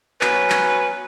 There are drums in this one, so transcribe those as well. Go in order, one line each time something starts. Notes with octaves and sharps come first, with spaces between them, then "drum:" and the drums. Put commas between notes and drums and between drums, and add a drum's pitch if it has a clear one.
F#3 B3 C#4 B4, drum: clap
drum: clap